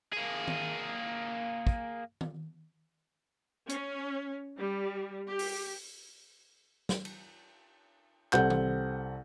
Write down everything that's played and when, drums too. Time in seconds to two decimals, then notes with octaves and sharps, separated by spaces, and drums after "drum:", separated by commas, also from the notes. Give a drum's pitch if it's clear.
0.13 A#3 G#4
0.48 drum: tom D#3
1.67 drum: kick
2.21 drum: tom D#3
3.69 C#4, drum: hi-hat
4.58 G3
5.27 G4
5.39 drum: open hi-hat
6.89 drum: snare
7.05 drum: cymbal
8.33 C2 C4 A4 F#5 G6, drum: clap
8.50 drum: tom D#3